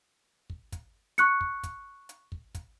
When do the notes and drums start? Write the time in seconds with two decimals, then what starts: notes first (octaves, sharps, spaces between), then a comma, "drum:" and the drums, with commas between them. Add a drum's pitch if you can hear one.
0.50 drum: kick
0.72 drum: kick, hi-hat
1.18 C#6 F#6 C#7, drum: hi-hat
1.41 drum: kick
1.63 drum: kick, hi-hat
2.09 drum: hi-hat
2.32 drum: kick
2.55 drum: kick, hi-hat